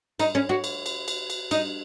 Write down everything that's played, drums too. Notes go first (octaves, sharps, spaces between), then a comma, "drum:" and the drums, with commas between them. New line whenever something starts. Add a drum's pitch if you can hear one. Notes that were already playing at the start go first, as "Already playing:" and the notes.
D#4, drum: cymbal
C#4
F#4
drum: cymbal
drum: cymbal
drum: cymbal
drum: cymbal
D#4, drum: cymbal